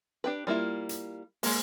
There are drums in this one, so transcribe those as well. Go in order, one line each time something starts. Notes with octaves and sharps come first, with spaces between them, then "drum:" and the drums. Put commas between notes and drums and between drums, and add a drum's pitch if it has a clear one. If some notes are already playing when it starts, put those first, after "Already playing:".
D4 G4 B4
G3 A#3 E4 F4
drum: hi-hat
G#3 A#3, drum: open hi-hat